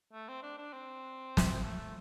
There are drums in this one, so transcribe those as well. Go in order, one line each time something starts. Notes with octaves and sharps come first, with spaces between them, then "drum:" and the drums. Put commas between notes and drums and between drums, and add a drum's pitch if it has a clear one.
A3
C4
D4
D4
C4
drum: snare
A3